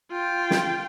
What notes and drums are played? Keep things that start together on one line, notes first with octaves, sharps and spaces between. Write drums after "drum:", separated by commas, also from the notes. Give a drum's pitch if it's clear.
F4 G5
drum: snare